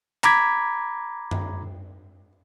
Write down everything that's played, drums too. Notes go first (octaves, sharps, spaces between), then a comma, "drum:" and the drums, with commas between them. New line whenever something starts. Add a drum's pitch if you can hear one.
A#5 B5 D6 G#6 B6, drum: clap
drum: tom F#2